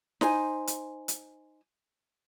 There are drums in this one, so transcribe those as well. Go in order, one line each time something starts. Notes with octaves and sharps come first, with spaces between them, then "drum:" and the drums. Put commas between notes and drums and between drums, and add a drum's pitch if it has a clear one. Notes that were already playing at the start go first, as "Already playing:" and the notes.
D#4 C5 G#5, drum: snare
drum: hi-hat
drum: hi-hat